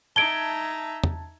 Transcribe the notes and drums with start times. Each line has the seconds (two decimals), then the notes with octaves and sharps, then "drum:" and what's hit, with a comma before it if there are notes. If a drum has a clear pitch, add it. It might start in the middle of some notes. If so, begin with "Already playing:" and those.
0.16 D#4 E5 A5 G#6 D7 G7
1.04 drum: tom